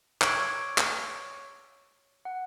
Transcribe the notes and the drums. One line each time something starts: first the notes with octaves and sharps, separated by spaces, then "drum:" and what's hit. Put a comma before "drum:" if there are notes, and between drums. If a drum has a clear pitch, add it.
C#5 C#6 D6 E6 G#6 D7, drum: clap
drum: clap
F#5